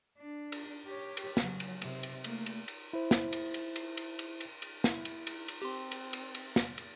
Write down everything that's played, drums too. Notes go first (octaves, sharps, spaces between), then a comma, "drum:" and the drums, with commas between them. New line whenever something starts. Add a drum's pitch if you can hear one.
D4
drum: cymbal
G4 C#5
drum: cymbal
C#3 F#3, drum: snare
drum: cymbal
C3, drum: cymbal
drum: cymbal
A3 A#3, drum: cymbal
drum: cymbal
drum: cymbal
E4 C5
drum: snare
drum: cymbal
drum: cymbal
drum: cymbal
drum: cymbal
drum: cymbal
drum: cymbal
drum: cymbal
E4, drum: snare
drum: cymbal
drum: cymbal
drum: cymbal
C4 G4 C6
drum: cymbal
drum: cymbal
drum: cymbal
drum: snare
drum: cymbal